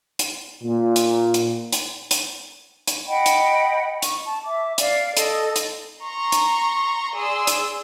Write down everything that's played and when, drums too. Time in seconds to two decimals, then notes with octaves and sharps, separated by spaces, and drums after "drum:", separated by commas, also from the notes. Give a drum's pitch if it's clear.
0.19 drum: hi-hat
0.63 A#2
0.96 drum: hi-hat
1.34 drum: hi-hat
1.72 drum: hi-hat
2.11 drum: hi-hat
2.87 drum: hi-hat
3.07 D#5 F#5 G5 B5
3.26 drum: hi-hat
4.02 C#6, drum: hi-hat
4.26 A5
4.44 E5 D6
4.78 D5 F5, drum: hi-hat
5.17 A4 D#5, drum: hi-hat
5.56 drum: hi-hat
6.02 A#5 C6 C#6
6.32 drum: hi-hat
7.14 G#4 D5 C6 E6
7.47 drum: hi-hat